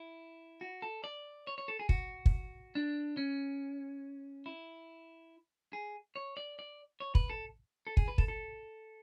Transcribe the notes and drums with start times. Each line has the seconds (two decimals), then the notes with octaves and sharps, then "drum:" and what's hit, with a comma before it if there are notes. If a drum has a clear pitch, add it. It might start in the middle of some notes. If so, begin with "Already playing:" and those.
Already playing: E4
0.61 F#4
0.82 A4
1.04 D5
1.47 C#5
1.58 C#5
1.68 A4
1.79 G#4
1.89 F#4, drum: kick
2.26 drum: kick
2.75 D4
3.17 C#4
4.46 E4
5.73 G#4
6.16 C#5
6.37 D5
6.59 D5
7.00 C#5
7.15 B4, drum: kick
7.30 A4
7.87 A4
7.97 G#4, drum: kick
8.08 B4
8.18 A4, drum: kick
8.28 A4